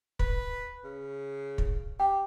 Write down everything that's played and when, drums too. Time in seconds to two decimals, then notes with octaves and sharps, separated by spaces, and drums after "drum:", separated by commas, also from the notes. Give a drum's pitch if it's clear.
0.19 B4, drum: kick
0.84 C#3
1.58 drum: kick
2.00 G4 G5